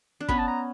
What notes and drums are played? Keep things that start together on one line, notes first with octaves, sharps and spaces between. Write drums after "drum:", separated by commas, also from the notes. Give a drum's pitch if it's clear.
D4
B3 C#4 B5, drum: kick
A5
A#5